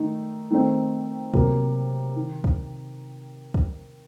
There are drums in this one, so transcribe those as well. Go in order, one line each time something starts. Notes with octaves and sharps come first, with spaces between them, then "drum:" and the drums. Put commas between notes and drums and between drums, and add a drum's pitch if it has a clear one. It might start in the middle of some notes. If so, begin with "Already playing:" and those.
Already playing: D#3 A3 D#4
D#3 A3 C4 D#4
C3 F#3 A#3, drum: kick
D#3
drum: kick
drum: kick